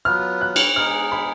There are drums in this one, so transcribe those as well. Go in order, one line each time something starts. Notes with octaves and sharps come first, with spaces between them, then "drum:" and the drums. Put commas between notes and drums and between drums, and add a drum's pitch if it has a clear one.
F#3 B3 F4 B4 F6
F#6
drum: cymbal
G#3 B3 D#4 G#4 F6
B5